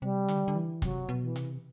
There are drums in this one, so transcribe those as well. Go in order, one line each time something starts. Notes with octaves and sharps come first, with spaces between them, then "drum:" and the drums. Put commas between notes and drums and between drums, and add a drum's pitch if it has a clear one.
C3 G3
D3, drum: hi-hat
D3
E3
C3 F#3, drum: kick, hi-hat
B2
E3
C3, drum: hi-hat